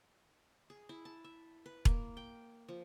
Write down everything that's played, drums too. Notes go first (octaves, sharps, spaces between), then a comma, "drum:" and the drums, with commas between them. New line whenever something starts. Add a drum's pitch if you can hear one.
G#4
E4
A5
E5
B4
A#3, drum: kick E1
G5
F3